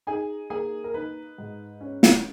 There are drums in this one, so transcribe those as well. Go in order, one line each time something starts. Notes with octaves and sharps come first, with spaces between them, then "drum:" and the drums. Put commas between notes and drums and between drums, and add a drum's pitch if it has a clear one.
D#4 G#4 G#5
A#3 G#4 G#5
A#4
D#4 B4
G#2
C#4
drum: snare